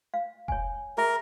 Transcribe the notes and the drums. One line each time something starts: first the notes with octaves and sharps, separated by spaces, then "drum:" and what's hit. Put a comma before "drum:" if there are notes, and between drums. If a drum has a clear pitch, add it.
F5
C#5 G#5, drum: kick F1
G#4 A#4 E5